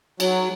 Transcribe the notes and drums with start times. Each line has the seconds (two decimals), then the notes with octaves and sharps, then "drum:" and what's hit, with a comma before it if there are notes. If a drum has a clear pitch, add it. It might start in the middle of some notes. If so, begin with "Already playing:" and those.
0.20 F#3, drum: cymbal